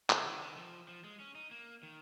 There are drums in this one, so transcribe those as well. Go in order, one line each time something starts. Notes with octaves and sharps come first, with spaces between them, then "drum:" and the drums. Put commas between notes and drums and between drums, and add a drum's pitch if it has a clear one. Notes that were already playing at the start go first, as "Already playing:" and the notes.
C#3, drum: clap
D#3
D#3
F3
F3
G#3
C#4
D#4
A#3
D#3